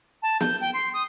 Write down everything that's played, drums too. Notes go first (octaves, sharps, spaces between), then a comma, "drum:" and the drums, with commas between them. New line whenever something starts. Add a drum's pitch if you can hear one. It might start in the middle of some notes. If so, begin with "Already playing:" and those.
A5
G6, drum: snare
G5
C6
D#6